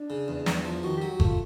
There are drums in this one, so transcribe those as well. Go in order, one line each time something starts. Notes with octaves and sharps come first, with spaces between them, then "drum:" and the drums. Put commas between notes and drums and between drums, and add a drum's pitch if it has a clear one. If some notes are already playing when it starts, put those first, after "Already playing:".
Already playing: D4
C#3
E2
E2, drum: snare
F3
D#3 F#4
F#3 G4
F#4
A3 F4, drum: kick G1